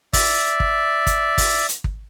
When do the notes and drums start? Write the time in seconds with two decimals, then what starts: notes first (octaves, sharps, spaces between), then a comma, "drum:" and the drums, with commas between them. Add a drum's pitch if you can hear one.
0.13 D5 E5, drum: kick, open hi-hat
0.60 drum: kick
1.07 drum: kick, hi-hat
1.38 drum: kick, open hi-hat
1.69 drum: hi-hat
1.84 drum: kick